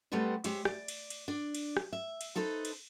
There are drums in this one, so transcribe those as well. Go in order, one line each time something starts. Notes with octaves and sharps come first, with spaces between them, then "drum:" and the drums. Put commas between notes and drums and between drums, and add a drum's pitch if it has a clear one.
G3 A3 B3 C4 B4 C5
G#3 G4 C5 C#5 E5, drum: cymbal
D5, drum: rim click
drum: cymbal
drum: cymbal
D4 D5
drum: cymbal
drum: rim click
E5
drum: cymbal
D#4 A4 B4 C5 D#5
drum: cymbal